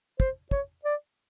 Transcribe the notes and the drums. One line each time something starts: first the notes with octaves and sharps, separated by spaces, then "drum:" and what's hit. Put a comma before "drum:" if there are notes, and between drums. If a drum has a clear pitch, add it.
C5, drum: kick
C#5, drum: kick
D5